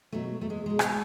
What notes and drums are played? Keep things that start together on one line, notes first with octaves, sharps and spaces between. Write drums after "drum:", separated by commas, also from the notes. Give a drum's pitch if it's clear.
B2 F#3 A3
E2 A3
G#3
B2 F#3 G#3
drum: rim click